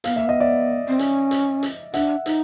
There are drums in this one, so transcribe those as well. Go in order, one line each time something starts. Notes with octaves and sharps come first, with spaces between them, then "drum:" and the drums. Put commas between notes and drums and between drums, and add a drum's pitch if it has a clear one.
B3 F5, drum: hi-hat
A#3 E5
B3 D#5
D5 E5
C4
C#4, drum: hi-hat
drum: hi-hat
drum: hi-hat
D4 E5 F#5, drum: hi-hat
D#4, drum: hi-hat